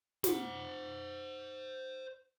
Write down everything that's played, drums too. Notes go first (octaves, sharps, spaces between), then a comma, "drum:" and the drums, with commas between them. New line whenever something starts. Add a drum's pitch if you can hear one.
C5 F#5, drum: snare